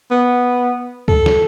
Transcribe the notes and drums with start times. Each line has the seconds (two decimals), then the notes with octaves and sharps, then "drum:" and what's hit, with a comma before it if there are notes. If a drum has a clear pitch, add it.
0.11 B3
1.08 A4, drum: kick C#2
1.26 drum: snare